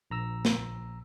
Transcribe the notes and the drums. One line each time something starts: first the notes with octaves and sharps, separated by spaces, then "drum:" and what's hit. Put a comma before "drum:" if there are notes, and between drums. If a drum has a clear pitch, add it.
A#1 A#5 E6
drum: snare